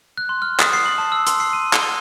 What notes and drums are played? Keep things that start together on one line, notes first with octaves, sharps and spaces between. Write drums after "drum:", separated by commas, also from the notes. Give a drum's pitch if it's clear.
F#6
C6
F6
D#6, drum: clap
C7
F#7
A5
E6
C6, drum: hi-hat
C7
D#7
G7, drum: clap